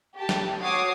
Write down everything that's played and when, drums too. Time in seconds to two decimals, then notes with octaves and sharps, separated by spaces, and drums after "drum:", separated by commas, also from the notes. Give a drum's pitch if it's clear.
0.15 G4 A5
0.29 drum: snare
0.59 F#4 C#5 D6 D#6 C7